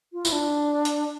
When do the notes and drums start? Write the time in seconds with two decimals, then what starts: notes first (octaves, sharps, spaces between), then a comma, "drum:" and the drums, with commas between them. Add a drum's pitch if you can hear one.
0.13 F4
0.25 E4, drum: tambourine
0.32 D4
0.85 drum: hi-hat